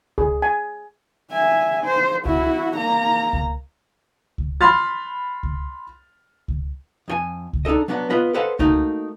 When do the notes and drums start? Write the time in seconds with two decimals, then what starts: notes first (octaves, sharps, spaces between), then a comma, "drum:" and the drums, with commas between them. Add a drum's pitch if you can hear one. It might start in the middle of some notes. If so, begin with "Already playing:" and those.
0.18 G#4, drum: kick C#2
0.42 G#5
1.32 E5 G#5
1.84 C5
2.25 E4 F#4, drum: kick C#2
2.77 A#3 A#5
3.33 drum: kick C#2
4.38 drum: kick C#2
4.61 B5 C6 F6 A6
5.43 drum: kick C#2
6.48 drum: kick C#2
7.08 F2 F4 G#5
7.53 drum: kick C#2
7.65 D4 D#4 G4 A4 D#5
7.88 F#3 B3 D4 F#5
8.10 B3 F4 B4 D#5 F#5
8.34 A4 B4 C5 D#5 F5 F#5
8.59 A3 A#3 D#4 F#4, drum: kick C#2